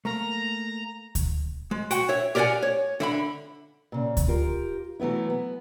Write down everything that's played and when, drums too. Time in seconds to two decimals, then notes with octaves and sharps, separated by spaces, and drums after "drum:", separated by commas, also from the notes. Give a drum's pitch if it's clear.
0.05 A3 A#3 A#5
1.15 drum: kick D2, hi-hat
1.71 G#3
1.91 F#4 F#5 G5, drum: hi-hat
2.09 C#5 E5
2.35 G4 A#4 D5 D#5 F#5 G#5
2.63 C#5
3.00 D3 E5 B5
3.92 A#2 C#3
4.17 drum: kick D2, hi-hat
4.28 F4 G4 A#4
5.00 E3 F#3 A3 B3 E4
5.30 B3